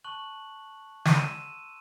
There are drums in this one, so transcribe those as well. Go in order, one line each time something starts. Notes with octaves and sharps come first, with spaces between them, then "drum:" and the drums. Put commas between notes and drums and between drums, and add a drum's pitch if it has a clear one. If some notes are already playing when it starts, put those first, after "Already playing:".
A5 C#6 F#6 F#7
D#7, drum: snare
C6 E6 E7